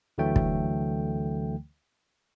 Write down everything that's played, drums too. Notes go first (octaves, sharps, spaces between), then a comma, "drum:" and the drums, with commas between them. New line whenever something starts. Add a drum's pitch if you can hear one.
D2 D3 E3 F#3 A3 G5
drum: kick